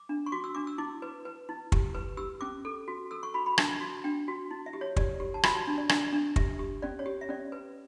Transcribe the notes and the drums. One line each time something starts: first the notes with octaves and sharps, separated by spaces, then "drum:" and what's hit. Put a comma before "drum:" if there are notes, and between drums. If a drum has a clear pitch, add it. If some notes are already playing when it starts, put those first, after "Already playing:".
Already playing: D6
D4
C#6
F#4 D6
E6
D4 D6
E6
E4 D6
B4
B4
E4
G4, drum: kick
B4
G4 E6
C#4 D6
A4
F#4
A4 E6
C#6
F#4 B5
B5
D4 A5, drum: rim click
F#4
D4 G5
F#4
E4
E5
G4
C#5
G4 D5, drum: kick
G4
A5
F#4 B5, drum: rim click
A5
D4
D5
D4 D5, drum: rim click
D4
G4 E5, drum: kick
G4
C#4 D5
C#5
G4
E5
C#4 D5
B4